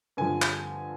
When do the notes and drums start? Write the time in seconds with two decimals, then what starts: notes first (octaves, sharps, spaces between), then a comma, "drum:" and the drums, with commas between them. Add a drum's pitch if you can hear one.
0.17 G2 D3 F3 G#5
0.42 drum: clap